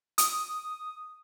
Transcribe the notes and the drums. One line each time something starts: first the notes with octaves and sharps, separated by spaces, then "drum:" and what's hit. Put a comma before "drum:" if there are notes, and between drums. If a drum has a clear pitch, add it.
D#6, drum: hi-hat